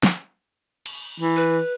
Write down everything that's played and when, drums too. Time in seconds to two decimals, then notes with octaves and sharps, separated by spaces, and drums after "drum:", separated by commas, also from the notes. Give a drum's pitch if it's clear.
0.03 drum: snare
0.86 drum: cymbal
1.20 E3
1.36 B4